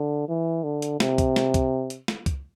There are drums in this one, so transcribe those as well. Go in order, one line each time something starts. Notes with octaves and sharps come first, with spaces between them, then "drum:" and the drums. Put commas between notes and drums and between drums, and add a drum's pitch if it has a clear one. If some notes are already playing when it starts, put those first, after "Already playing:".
Already playing: D3
E3
D3
drum: hi-hat
C3, drum: snare
drum: kick, hi-hat
drum: snare
drum: kick, hi-hat
drum: hi-hat
drum: snare
drum: kick, hi-hat